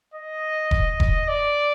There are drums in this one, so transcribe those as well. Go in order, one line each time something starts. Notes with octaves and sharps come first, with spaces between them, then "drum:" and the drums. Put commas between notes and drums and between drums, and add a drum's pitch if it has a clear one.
D#5
drum: kick E1
drum: kick E1
D5